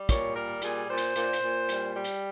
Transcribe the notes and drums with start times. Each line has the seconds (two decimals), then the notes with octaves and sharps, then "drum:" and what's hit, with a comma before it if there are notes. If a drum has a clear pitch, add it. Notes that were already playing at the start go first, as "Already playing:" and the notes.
Already playing: G3
0.09 A#2 C#5, drum: kick, hi-hat
0.35 G3 A#4
0.62 A#2 G#4, drum: hi-hat
0.89 A#2 C5
0.98 drum: hi-hat
1.16 A#2, drum: hi-hat
1.33 drum: hi-hat
1.42 A#2
1.69 G3, drum: hi-hat
1.95 G3
2.04 drum: hi-hat